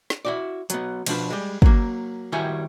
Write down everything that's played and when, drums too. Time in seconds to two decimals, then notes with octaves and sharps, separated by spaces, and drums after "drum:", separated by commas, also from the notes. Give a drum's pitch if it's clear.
0.10 drum: snare
0.25 E4 F#4 D5
0.70 F#3 B3, drum: hi-hat
1.06 B2 F3 D4 B4, drum: cymbal
1.30 G3 G#3
1.62 F#3 A#3, drum: kick
2.32 D#3 G3 E4 F#4 C#5 G#5